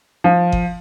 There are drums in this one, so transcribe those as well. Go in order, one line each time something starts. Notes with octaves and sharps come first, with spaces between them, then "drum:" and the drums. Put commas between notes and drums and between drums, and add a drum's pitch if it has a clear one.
F3
drum: kick G1